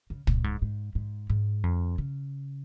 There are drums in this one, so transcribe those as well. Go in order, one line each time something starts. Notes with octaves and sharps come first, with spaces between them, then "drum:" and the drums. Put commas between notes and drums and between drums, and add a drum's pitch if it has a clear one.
C#3
A#2, drum: kick
G#2
G#2
G#2
G#2
F2
C#3